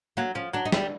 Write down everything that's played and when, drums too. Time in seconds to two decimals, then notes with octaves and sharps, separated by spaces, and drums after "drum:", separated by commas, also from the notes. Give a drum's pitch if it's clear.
0.17 F#3 A#3
0.35 F3 C#4
0.53 F#3 D4
0.65 D#4
0.72 G3 E4, drum: snare